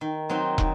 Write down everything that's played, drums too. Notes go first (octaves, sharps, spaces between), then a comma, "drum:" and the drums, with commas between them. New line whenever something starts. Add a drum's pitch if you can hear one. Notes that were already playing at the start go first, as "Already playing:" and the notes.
D#3
F#3 C4 D#4
D#3, drum: kick